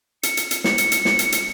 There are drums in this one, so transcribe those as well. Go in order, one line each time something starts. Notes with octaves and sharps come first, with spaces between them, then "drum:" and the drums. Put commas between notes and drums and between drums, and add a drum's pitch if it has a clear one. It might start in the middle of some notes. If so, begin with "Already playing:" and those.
C#7, drum: hi-hat
drum: hi-hat
drum: hi-hat
C#7, drum: snare
drum: hi-hat
drum: hi-hat
drum: snare
drum: hi-hat
drum: hi-hat